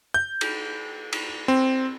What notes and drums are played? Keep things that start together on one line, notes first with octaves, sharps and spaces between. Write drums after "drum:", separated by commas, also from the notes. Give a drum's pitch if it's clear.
G6
drum: cymbal
drum: cymbal
C4